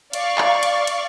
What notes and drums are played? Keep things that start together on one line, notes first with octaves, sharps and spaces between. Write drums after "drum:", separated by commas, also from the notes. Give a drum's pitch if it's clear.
D5 F5 C#6, drum: cymbal
drum: clap
drum: cymbal
drum: cymbal